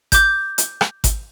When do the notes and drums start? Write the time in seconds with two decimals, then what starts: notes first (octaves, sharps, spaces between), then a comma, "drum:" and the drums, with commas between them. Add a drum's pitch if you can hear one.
0.12 D6 G6, drum: kick G#1, hi-hat
0.58 drum: hi-hat
0.81 drum: rim click
1.04 drum: kick G#1, hi-hat